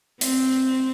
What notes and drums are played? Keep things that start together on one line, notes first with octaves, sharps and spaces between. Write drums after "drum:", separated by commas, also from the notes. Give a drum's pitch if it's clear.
C4, drum: hi-hat